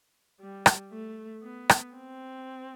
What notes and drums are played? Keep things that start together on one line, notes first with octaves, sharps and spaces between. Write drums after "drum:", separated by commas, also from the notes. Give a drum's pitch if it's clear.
G3
drum: rim click
A3
B3
drum: rim click
C4